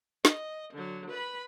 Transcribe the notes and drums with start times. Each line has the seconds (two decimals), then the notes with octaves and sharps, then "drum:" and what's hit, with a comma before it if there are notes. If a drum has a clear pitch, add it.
0.25 D#5, drum: snare
0.73 D3 F#3
1.10 B4 B5